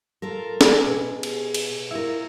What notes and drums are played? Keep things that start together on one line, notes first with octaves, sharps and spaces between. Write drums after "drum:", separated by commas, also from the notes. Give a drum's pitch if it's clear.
F4 A4 A#4
G#4, drum: snare
B2
drum: cymbal
drum: cymbal
E4 F4 A#4